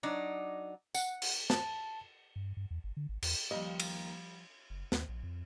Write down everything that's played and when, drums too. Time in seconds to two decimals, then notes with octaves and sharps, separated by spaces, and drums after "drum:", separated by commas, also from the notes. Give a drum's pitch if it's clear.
0.03 F#3 D4 D#4 D5
0.94 F#5, drum: tambourine
1.22 drum: cymbal
1.50 A5, drum: snare
2.36 G2
2.57 G2
2.71 E2
2.84 G1
2.97 D3
3.09 G#1
3.22 E2, drum: cymbal
3.51 D#2 F3 G3 D#5
3.80 drum: cymbal
4.70 F#1
4.92 D#2, drum: snare
5.09 A#1
5.23 F2